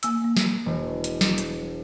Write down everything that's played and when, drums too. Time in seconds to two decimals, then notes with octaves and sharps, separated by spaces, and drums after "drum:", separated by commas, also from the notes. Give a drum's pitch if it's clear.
0.03 A#3 E6, drum: hi-hat
0.24 A#3
0.37 drum: snare
0.66 E1
1.04 drum: hi-hat
1.21 drum: snare
1.38 drum: hi-hat